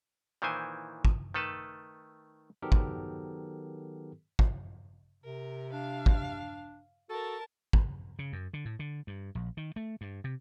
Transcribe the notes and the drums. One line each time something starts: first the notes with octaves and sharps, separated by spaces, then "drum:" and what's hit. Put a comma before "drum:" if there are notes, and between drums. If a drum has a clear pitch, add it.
A#2 D#3 E3 E4 C5 G#5
drum: kick
D#3 A3 A4 B4 A5
D#3 F#3 B3 G4 A4 A#4
drum: kick
drum: kick
C3 A#4
D4 F5
drum: kick
F#4 A4 A#4 A5
drum: kick
C#3
F#2
D3
A2
D3
G2
A#1
D#3
A3
G2
C3